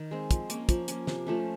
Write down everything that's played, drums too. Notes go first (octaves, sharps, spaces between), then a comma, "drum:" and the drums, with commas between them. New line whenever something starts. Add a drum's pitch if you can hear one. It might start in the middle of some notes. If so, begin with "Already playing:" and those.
Already playing: D#3
G#3 C4
F3, drum: kick, hi-hat
A#3 C#4, drum: hi-hat
F3, drum: kick, hi-hat
A#3 C#4, drum: hi-hat
C3, drum: snare
F3 A3 C#4